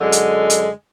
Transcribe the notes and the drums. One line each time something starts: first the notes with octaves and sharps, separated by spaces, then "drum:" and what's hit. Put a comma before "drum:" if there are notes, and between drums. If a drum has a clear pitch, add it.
F#2 D3 G#3
drum: hi-hat
drum: hi-hat